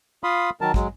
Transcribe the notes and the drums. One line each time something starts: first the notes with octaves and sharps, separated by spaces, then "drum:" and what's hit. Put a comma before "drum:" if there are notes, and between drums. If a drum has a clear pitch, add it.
F4 F5 B5 C6 D#6
D#3 F#3 A#4 A5
F#3 G#3, drum: kick